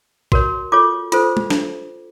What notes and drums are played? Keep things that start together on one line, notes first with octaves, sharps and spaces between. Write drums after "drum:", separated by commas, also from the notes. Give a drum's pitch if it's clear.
F#4 A#4 C#5, drum: kick A#1
F4 A4 C#5 D6
F4 A4 C5, drum: hi-hat
drum: tom G#3
drum: snare